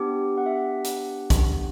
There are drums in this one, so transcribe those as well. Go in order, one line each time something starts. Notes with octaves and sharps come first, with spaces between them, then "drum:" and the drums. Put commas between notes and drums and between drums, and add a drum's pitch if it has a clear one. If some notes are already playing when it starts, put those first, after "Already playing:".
Already playing: B3 D4 G4
F#5
E5
F#5
F#5, drum: hi-hat
drum: kick, hi-hat